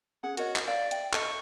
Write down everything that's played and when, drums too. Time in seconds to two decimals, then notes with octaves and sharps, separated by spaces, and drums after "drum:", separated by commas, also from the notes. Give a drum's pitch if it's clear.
0.23 C#4 G#4 F#5
0.37 F#4 A#4 C#5 D#5, drum: hi-hat
0.56 drum: clap
0.68 D5 F5
0.91 E5 G5, drum: hi-hat
1.13 A4 D#5 C#6, drum: clap